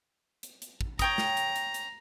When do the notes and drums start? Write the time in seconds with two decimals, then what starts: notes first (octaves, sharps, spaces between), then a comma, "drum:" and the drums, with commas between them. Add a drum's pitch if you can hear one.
0.43 drum: hi-hat
0.62 drum: hi-hat
0.81 drum: kick
0.99 C#5 G5 A#5 D#6, drum: kick, hi-hat
1.18 drum: snare
1.37 drum: hi-hat
1.56 drum: hi-hat
1.74 drum: hi-hat